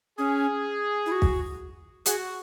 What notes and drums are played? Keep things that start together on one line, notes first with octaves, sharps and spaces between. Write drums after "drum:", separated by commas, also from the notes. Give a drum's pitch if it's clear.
C#4 G#4
E4
F#4
drum: kick
F#4 G#4, drum: hi-hat